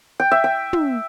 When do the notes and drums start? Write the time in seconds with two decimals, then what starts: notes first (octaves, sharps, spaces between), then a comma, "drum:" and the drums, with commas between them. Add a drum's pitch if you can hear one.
0.20 G5
0.31 E5
0.44 G5
0.73 drum: tom